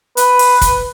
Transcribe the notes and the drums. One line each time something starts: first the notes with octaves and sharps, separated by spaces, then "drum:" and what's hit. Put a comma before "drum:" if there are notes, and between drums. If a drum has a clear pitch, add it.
B4, drum: hi-hat
drum: open hi-hat
drum: kick, hi-hat